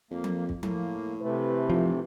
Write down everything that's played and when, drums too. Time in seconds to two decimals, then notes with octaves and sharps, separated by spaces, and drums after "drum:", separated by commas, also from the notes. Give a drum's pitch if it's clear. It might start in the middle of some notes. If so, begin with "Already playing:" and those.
0.11 F2 A#3
0.24 drum: tom F3
0.49 drum: kick
0.63 A2 A#3, drum: tom F3
1.21 C3 E3 A3 B4
1.70 F1 F3